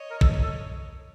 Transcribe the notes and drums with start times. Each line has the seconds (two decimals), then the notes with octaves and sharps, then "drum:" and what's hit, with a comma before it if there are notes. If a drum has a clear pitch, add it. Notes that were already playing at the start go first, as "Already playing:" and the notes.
Already playing: C#5 D#5
0.11 A#4
0.21 A4, drum: kick
0.43 A4